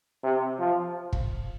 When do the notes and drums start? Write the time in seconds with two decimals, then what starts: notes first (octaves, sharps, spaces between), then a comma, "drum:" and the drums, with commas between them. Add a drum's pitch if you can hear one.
0.24 C3
0.59 F3
1.13 drum: kick